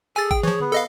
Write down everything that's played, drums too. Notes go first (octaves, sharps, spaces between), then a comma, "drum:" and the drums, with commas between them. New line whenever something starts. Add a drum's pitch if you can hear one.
G#4 A4 G#5 A6
G5, drum: kick G#1
E3 F3 C#5
B3, drum: tom C#3
A4 D#5 F5